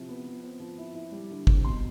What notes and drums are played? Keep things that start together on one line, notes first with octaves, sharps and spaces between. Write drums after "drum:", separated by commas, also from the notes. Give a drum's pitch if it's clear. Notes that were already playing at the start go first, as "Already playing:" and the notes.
Already playing: C3 F3 E4
B3
F3
C4
F3
E4
E4
G3
D3
C4, drum: kick
B2 C6